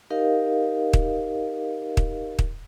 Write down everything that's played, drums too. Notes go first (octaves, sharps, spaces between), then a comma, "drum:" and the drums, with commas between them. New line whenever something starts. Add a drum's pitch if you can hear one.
D#4 G4 A#4 D#5 F5
drum: kick
drum: kick
drum: kick